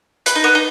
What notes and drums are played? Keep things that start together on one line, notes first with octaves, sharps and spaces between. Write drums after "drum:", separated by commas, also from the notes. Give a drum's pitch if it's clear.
B4, drum: hi-hat
D#4
B3
D#4